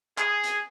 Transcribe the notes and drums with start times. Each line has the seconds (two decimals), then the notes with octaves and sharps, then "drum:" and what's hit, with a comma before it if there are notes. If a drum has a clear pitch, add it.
0.18 G#4, drum: clap
0.43 drum: hi-hat